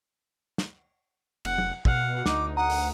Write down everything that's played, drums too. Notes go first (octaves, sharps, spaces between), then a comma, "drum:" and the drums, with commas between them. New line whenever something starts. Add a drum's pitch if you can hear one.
drum: snare
F1 F#5, drum: cymbal
drum: tom
B2 F5 F#5, drum: kick
D2 D#4 D6, drum: snare
F#5 A#5 D#6
drum: open hi-hat